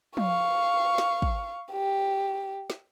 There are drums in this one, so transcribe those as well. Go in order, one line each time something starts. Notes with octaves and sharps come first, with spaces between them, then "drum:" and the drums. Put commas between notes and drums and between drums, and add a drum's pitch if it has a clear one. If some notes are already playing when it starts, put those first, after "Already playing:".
F5 C#6, drum: tom F3
drum: snare
drum: kick
G4
drum: snare